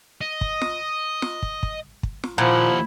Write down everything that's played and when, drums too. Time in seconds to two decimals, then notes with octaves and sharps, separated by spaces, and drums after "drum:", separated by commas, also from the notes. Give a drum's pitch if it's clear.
0.21 D#5
0.41 drum: kick
0.61 drum: snare
1.22 drum: snare
1.42 drum: kick
1.63 drum: kick
2.03 drum: kick
2.24 drum: snare
2.38 D#2 A#2 F3 E4 F#5